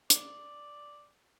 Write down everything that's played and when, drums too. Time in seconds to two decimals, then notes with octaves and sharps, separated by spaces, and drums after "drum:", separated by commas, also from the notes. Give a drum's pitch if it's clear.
0.10 D5, drum: hi-hat